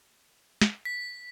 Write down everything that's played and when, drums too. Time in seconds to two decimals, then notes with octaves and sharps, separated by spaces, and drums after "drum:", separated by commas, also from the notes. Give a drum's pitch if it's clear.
0.61 drum: snare
0.85 B6